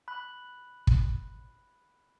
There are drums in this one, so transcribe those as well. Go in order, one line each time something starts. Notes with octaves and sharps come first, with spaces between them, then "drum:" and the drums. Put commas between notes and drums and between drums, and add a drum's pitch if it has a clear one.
B5 F#6
drum: kick